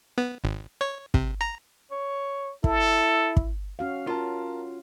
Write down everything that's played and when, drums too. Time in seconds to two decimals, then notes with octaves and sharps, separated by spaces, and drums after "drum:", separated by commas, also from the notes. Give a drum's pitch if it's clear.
0.18 B3
0.44 G#1
0.81 C#5
1.14 C3, drum: kick
1.41 A#5
1.91 C#5
2.64 E4 A4, drum: kick
3.37 drum: kick
3.79 C#4 F#4 F5
4.07 F4 A#4 A5